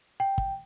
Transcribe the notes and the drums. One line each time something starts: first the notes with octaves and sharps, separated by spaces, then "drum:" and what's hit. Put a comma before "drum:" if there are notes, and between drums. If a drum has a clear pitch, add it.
G5
drum: kick